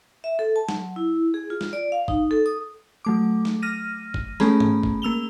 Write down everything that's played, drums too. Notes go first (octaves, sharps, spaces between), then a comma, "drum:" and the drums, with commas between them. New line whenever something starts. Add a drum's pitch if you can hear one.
E5
A4
A5
F#3, drum: snare
E4
G#4
F4
drum: snare
D5
F5
D#4, drum: kick
A4
D#6
F#3 A3 D6
drum: snare
F6 A#6 D#7
drum: kick
A3 B3 C#4 G#4 A#5 B5, drum: snare
drum: tom G#2
drum: kick
A#3 E6 F7 G7